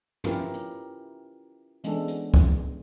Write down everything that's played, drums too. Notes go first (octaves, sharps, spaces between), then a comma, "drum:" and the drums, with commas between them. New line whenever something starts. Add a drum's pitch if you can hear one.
C#4 E4 F4 G4 A#4 B4, drum: tom
drum: hi-hat
E3 G#3 B3 C#4 D4 A4, drum: hi-hat
drum: hi-hat
drum: kick